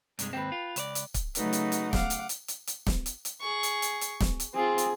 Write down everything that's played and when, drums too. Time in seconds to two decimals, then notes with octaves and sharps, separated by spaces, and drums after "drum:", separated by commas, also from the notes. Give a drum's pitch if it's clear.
0.19 G2 C3 G#3, drum: hi-hat
0.33 D#2 G#2 C4 B4 G5
0.52 F4
0.76 C#2 C5 D5, drum: hi-hat
0.95 drum: hi-hat
1.14 drum: kick C#1, hi-hat
1.35 C#3 F#3 A3 D#4 F#4 B4, drum: hi-hat
1.53 drum: hi-hat
1.72 drum: hi-hat
1.93 F5 F#5 D6, drum: snare
2.10 drum: hi-hat
2.29 drum: hi-hat
2.48 drum: hi-hat
2.67 drum: hi-hat
2.87 drum: snare
3.06 drum: hi-hat
3.25 drum: hi-hat
3.41 G#4 C#6
3.63 drum: hi-hat
3.82 drum: hi-hat
4.01 drum: hi-hat
4.20 drum: snare
4.40 drum: hi-hat
4.54 C4 F4 G#4
4.78 drum: hi-hat